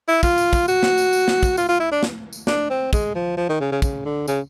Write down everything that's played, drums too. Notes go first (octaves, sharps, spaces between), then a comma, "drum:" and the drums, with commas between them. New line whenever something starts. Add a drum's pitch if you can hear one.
E4
F4, drum: kick, tambourine
drum: tambourine
drum: kick, tambourine
F#4, drum: tambourine
drum: snare
drum: tambourine
drum: tambourine
drum: snare
drum: kick, tambourine
F4, drum: tambourine
F4
E4
D4
drum: snare
drum: tambourine
D4, drum: snare
C4
G#3, drum: kick, tambourine
F3
F3
D#3
C#3
C#3
C#3, drum: kick, tambourine
D3
C#3, drum: tambourine